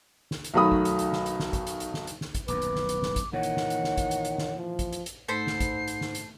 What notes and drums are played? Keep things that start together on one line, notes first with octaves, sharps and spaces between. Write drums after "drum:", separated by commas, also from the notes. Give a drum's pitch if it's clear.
drum: snare
drum: hi-hat
B1 D#3 F#3 A3 B5 D#6
drum: kick
drum: hi-hat
drum: hi-hat
drum: snare
drum: hi-hat
drum: snare
drum: kick, hi-hat
drum: hi-hat
drum: hi-hat
drum: snare
drum: hi-hat
drum: snare
drum: kick, hi-hat
D#1 B1 F#2 B4 D6, drum: hi-hat
drum: hi-hat
drum: snare
drum: hi-hat
drum: snare
drum: kick, hi-hat
A#2 D#3 E3 C#5 F#5
drum: hi-hat
drum: snare
drum: hi-hat
drum: snare
drum: kick, hi-hat
drum: hi-hat
drum: hi-hat
drum: snare
F3
drum: kick, hi-hat
drum: hi-hat
drum: hi-hat
G#2 A3 A4 C5 B5 C7
drum: snare
drum: kick, hi-hat
drum: hi-hat
drum: snare
drum: hi-hat